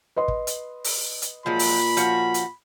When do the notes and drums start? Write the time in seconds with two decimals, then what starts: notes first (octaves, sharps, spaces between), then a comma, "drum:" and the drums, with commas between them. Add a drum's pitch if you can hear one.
0.16 B4 D#5 C6
0.28 drum: kick
0.47 drum: hi-hat
0.84 drum: open hi-hat
1.22 drum: hi-hat
1.46 A#2 F3 F#3 G#3 B5
1.59 drum: open hi-hat
1.97 F3 C#4 F#4, drum: hi-hat
2.34 drum: hi-hat